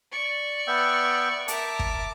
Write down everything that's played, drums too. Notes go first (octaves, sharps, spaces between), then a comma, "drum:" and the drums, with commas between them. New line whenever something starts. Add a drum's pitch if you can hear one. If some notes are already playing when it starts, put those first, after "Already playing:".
D5 C#6
B3 E5 G5
A#4 E5 A5 D6, drum: hi-hat
drum: kick